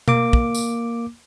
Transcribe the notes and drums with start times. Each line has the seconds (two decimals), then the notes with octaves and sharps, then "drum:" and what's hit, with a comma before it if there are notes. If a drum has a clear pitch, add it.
0.08 A#3 D6, drum: tom B2
0.33 drum: kick
0.55 drum: tambourine